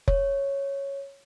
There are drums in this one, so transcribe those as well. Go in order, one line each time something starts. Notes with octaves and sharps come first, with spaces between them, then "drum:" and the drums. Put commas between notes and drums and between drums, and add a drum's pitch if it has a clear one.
C#5, drum: kick F1